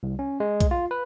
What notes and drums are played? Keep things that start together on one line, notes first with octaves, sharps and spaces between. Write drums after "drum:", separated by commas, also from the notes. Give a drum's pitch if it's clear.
C2
C#4
G#3
drum: kick B1, hi-hat
F4
B4